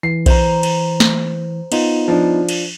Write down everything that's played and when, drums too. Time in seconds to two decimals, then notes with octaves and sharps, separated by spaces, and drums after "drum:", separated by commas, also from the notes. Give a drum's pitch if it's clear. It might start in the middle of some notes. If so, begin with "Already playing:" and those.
0.03 E3 C7
0.26 C5 A#5, drum: kick B1, cymbal
0.63 drum: cymbal
1.00 drum: snare
1.72 B3 D#4 F4, drum: cymbal
2.08 F3 D4
2.49 drum: cymbal